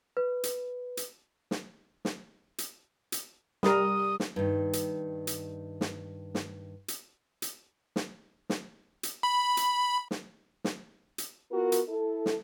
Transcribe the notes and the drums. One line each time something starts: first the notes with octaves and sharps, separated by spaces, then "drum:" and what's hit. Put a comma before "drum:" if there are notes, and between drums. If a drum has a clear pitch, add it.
B4
drum: hi-hat
drum: hi-hat
drum: snare
drum: snare
drum: hi-hat
drum: hi-hat
G3 A#4 D#6, drum: snare
drum: snare
G2 D#3
drum: hi-hat
drum: hi-hat
drum: snare
drum: snare
drum: hi-hat
drum: hi-hat
drum: snare
drum: snare
drum: hi-hat
B5
drum: hi-hat
drum: snare
drum: snare
drum: hi-hat
B3 F4 F#4 A#4
drum: hi-hat
E4 A4
drum: snare